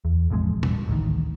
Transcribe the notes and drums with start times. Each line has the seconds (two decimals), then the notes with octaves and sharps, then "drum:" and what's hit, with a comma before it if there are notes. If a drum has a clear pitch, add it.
0.05 E2
0.30 E1 A1 F2 G#3
0.63 drum: tom
0.88 A1 D2 D#3